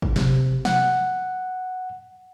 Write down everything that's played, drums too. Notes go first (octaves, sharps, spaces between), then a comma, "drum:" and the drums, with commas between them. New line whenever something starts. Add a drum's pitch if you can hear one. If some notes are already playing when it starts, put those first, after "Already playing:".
drum: kick
C3, drum: snare
F#5, drum: snare